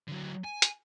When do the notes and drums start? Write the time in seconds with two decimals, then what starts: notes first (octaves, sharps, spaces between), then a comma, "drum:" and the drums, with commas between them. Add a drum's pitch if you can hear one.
0.08 D3 F#3
0.44 G#5
0.62 drum: hi-hat